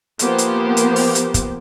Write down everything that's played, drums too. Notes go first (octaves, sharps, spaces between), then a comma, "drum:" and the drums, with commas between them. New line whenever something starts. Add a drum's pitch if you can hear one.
F3 A#3 B3 G4 C5, drum: hi-hat
drum: hi-hat
drum: hi-hat
drum: open hi-hat
drum: hi-hat
drum: kick, hi-hat